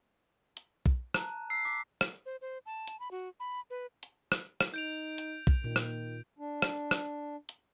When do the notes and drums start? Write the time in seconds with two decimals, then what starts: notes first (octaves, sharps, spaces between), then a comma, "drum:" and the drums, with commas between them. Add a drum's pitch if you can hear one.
0.57 drum: hi-hat
0.86 drum: kick
1.14 A5 A#5 F#6, drum: rim click
1.50 E6 B6 C7
1.65 D6 B6
2.01 drum: rim click
2.26 C5
2.41 C5
2.66 A5
2.88 drum: hi-hat
3.00 B5
3.11 F#4
3.40 B5
3.70 B4
4.03 drum: hi-hat
4.32 drum: rim click
4.61 drum: rim click
4.74 D#4 G6 D7 F7
5.18 drum: hi-hat
5.47 drum: kick
5.64 A#2 D#3
5.76 drum: rim click
6.39 D4
6.62 drum: rim click
6.91 drum: rim click
7.49 drum: hi-hat